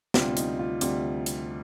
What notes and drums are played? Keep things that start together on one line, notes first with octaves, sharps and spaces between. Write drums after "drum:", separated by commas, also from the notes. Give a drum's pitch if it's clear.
D2 C3 G3 F4, drum: snare
D#4, drum: hi-hat
F4
D2 C3 G3, drum: hi-hat
drum: hi-hat